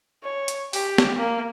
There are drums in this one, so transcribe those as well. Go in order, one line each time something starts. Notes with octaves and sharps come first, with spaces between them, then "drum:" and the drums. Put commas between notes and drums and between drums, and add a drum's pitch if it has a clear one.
C#5
drum: hi-hat
G4, drum: open hi-hat
drum: snare
A#3